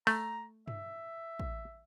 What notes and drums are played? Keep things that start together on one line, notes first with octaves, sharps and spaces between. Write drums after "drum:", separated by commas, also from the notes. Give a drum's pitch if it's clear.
A3 A#5, drum: open hi-hat
E5, drum: tom G2
drum: kick